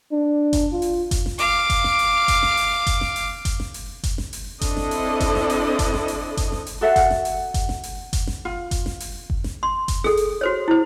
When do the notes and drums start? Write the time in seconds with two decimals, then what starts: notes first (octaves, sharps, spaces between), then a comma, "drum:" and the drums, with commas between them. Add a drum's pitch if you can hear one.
0.12 D4
0.53 drum: kick F#1, hi-hat
0.72 F4
0.82 drum: open hi-hat
1.11 drum: kick F#1, hi-hat
1.26 drum: snare G1
1.39 F5 D6, drum: open hi-hat
1.70 drum: kick F#1, hi-hat
1.84 drum: snare G1
1.99 drum: open hi-hat
2.28 drum: kick F#1, hi-hat
2.43 drum: snare G1
2.57 drum: open hi-hat
2.87 drum: kick F#1, hi-hat
3.01 drum: snare G1
3.16 drum: open hi-hat
3.45 drum: kick F#1, hi-hat
3.60 drum: snare G1
3.74 drum: open hi-hat
4.03 drum: kick F#1, hi-hat
4.18 drum: snare G1
4.33 drum: open hi-hat
4.61 C4 D4 E4 A4 D#5, drum: kick F#1, hi-hat
4.77 drum: snare G1
4.91 drum: open hi-hat
5.20 drum: kick F#1, hi-hat
5.35 drum: snare G1
5.50 drum: open hi-hat
5.79 drum: kick F#1, hi-hat
5.93 drum: snare G1
6.08 drum: open hi-hat
6.37 drum: kick F#1, hi-hat
6.52 drum: snare G1
6.67 drum: open hi-hat
6.81 F#4 A4 E5 F#5
6.96 drum: kick F#1, hi-hat
7.10 drum: snare G1
7.25 drum: open hi-hat
7.54 drum: kick F#1, hi-hat
7.69 drum: snare G1
7.84 drum: open hi-hat
8.13 drum: kick F#1, hi-hat
8.27 drum: snare G1
8.45 F4
8.71 drum: kick F#1, hi-hat
8.86 drum: snare G1
9.00 drum: open hi-hat
9.30 drum: kick F#1
9.44 drum: snare G1
9.63 C6
9.88 drum: kick F#1, hi-hat
10.04 G#4 A4, drum: snare G1
10.17 drum: open hi-hat
10.41 F#4 C5 C#5
10.68 E4 C5